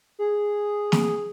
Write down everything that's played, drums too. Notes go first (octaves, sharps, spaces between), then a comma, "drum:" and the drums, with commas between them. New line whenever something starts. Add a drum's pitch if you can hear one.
G#4
drum: snare